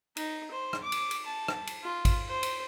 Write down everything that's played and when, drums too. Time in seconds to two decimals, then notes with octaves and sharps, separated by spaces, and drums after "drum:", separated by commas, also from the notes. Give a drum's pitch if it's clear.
0.17 D#4, drum: cymbal
0.51 C5
0.73 drum: rim click
0.83 D6
0.92 drum: cymbal
1.11 drum: cymbal
1.26 A5
1.48 drum: rim click
1.67 drum: cymbal
1.83 F4
2.05 drum: kick G#1, cymbal
2.28 C5
2.43 drum: cymbal